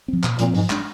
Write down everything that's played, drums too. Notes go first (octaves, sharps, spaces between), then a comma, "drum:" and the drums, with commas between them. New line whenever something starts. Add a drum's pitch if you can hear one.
F3 C4
A#2, drum: clap
A#2 F3 C4, drum: hi-hat
G#2 F3, drum: open hi-hat
G#3 D4, drum: clap